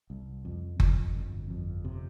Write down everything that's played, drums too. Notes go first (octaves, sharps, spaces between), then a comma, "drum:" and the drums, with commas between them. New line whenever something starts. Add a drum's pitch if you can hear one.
C2
F2
F2, drum: kick F#1
G1
F2
C3